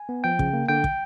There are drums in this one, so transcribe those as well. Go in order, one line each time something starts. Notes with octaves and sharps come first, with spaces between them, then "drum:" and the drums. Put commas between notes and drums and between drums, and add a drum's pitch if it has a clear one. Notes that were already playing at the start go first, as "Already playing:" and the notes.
Already playing: G#5
B3
F3 G5
C#3, drum: kick
A#3
D3 G5
drum: kick